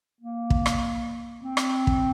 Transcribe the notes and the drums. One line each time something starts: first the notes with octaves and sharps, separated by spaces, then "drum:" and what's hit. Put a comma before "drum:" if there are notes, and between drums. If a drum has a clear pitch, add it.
A#3
drum: kick
drum: rim click
C4
drum: rim click
drum: kick